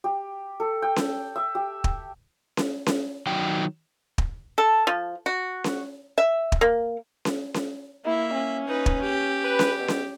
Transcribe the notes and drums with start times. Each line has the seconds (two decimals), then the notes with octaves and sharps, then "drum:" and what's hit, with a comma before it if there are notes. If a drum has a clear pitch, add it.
0.04 G4
0.60 A4
0.82 G5
0.96 drum: snare C#4
1.36 E5
1.55 G4
1.84 drum: kick
2.57 drum: snare C#4
2.86 drum: snare C#4
3.27 D#3 F#3 G5
4.18 drum: kick
4.58 A4
4.87 F3
5.26 F#4
5.64 drum: snare C#4
6.18 E5
6.52 drum: kick
6.61 A#3
7.25 drum: snare C#4
7.54 drum: snare C#4
8.05 A#3 E4 E5
8.34 C#4
8.67 D#4 B4
8.86 drum: kick
9.02 G4
9.44 B4
9.59 drum: snare C#4
9.79 B2
9.88 drum: snare C#4